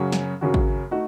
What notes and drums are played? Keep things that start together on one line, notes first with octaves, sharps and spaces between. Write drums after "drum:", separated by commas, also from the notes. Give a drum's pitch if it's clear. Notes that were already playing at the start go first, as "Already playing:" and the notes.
Already playing: F#2 C#3 F#3 C#4 F#4
drum: snare
F#2 C#3 F#3 C#4 F#4
drum: kick
A3 D#4 F#4